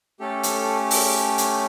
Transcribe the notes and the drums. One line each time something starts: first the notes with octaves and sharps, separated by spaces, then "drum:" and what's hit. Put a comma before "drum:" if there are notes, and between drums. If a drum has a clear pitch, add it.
A3 C#4 G4 A4
drum: hi-hat
drum: open hi-hat
drum: hi-hat